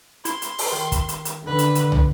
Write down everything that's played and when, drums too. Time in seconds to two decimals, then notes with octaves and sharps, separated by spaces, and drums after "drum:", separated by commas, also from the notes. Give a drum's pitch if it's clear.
0.25 E4 C6, drum: hi-hat
0.42 drum: hi-hat
0.58 drum: open hi-hat
0.72 D#3
0.92 drum: kick, hi-hat
1.09 drum: hi-hat
1.25 drum: hi-hat
1.47 D3 B4
1.59 drum: hi-hat
1.75 drum: hi-hat
1.92 drum: tom